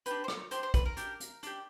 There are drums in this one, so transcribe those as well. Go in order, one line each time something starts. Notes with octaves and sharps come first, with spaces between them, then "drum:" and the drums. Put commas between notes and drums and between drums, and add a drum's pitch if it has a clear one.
D4 G4 B4, drum: hi-hat
C5
C#5, drum: rim click
D4 G4 C5, drum: hi-hat
C5
B4, drum: kick A#1, hi-hat
A#4
D4 G4, drum: hi-hat
drum: hi-hat
D4 G4, drum: hi-hat